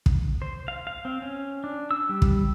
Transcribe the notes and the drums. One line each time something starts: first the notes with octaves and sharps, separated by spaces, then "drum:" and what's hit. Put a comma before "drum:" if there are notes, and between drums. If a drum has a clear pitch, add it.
drum: kick
C5
F5
F5
C4
C#4
D4
E6
G3
drum: kick